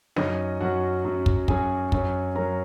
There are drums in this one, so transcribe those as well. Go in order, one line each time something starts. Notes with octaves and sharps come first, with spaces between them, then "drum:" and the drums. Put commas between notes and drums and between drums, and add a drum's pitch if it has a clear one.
F#2 F#3 C#4 D#4 D#5, drum: snare
F#2 F#3 C#4 F#4 F#5
F#2 F#3 C#4
drum: kick
F#2 F#3 C#4 G#4 G#5, drum: kick
F#2 F#3 C#4, drum: kick
F#3 C#4 A#4 A#5